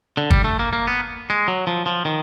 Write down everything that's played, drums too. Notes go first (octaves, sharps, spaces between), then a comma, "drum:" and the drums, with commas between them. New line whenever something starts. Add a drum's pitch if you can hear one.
D3
G3, drum: kick
A3
A#3
A#3
B3
G#3
F#3
F3
F3
D#3